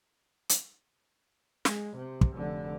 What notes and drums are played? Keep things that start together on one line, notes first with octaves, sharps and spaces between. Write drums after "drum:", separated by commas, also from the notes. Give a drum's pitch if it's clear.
drum: hi-hat
G#3, drum: snare
C3
drum: kick
F1 D3